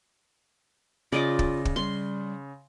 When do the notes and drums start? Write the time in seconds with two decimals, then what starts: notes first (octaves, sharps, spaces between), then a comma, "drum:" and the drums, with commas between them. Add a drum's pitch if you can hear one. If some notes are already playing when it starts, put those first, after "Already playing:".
1.12 C#3 F4 D5 D#5 D6
1.39 drum: kick
1.65 drum: kick
1.76 G3 C6